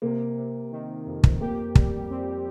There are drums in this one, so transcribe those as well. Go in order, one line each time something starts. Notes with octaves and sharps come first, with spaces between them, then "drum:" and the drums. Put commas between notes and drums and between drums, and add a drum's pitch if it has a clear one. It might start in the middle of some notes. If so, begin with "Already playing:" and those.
C3 A#3
C3
D#3
F2
drum: kick
A#3 G4
G3, drum: kick
C4